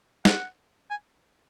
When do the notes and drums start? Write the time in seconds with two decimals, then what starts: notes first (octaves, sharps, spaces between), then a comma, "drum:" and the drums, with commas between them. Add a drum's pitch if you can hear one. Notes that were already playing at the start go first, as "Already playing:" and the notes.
0.25 F#5, drum: snare
0.90 G#5